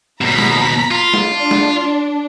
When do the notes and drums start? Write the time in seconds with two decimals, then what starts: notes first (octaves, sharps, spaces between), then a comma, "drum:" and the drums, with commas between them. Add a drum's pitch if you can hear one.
0.21 D#2 B2 A#5 B5 B6
0.39 drum: snare
0.91 F4
1.14 drum: snare
1.32 D4
1.51 drum: snare